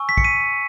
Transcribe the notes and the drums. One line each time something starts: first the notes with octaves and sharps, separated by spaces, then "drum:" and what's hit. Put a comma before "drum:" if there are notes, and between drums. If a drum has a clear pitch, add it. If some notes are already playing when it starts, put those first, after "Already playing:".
Already playing: G#5 C#6 E6
B6
C#7, drum: kick
B6 D#7